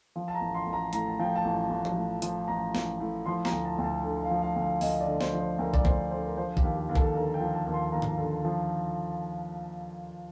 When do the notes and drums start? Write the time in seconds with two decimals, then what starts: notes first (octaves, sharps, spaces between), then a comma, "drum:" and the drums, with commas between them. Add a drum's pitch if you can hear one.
0.16 F3
0.28 A5
0.35 A#5
0.41 A1
0.54 C6
0.67 A1
0.73 A#5
0.93 A2 A#5, drum: hi-hat
1.07 A5
1.19 F3 G5
1.36 A5
1.45 A1
1.70 A1
1.85 drum: tom F3
1.96 A2
2.22 F3, drum: hi-hat
2.48 A1 A#5
2.75 A1, drum: snare
3.00 A2
3.26 F3 C6
3.45 A#5, drum: snare
3.51 D2
3.65 A5
3.78 D2
3.84 A5
4.04 D3
4.23 F5
4.30 F3
4.42 F5
4.56 D2
4.62 F5
4.81 D2 D#5, drum: open hi-hat
5.00 D5
5.07 D3
5.21 C5, drum: snare
5.33 F3
5.40 C5
5.59 D2 A#4
5.74 D5, drum: kick
5.85 D2 C5, drum: kick
6.11 D3 C5
6.26 A#4
6.37 F3 C5
6.57 G4, drum: kick
6.63 D#2
6.75 G4
6.89 D#2
6.95 A4, drum: kick
7.14 D3 A#4
7.34 G5
7.40 F3
7.53 A5
7.66 D#2
7.73 C6
7.92 D#2 A#5
8.02 drum: tom G#2
8.18 D3
8.45 F3